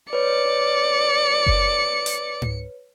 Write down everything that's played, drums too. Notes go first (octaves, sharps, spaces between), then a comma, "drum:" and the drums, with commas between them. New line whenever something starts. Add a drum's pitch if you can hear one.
B4 C#5 D5 C#7
drum: kick F#1
drum: hi-hat
drum: tom G#2